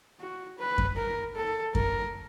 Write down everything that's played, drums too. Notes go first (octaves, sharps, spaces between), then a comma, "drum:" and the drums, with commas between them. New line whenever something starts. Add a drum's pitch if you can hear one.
F#4
B4
drum: kick F#2
A#4
A4
A#4, drum: kick F#2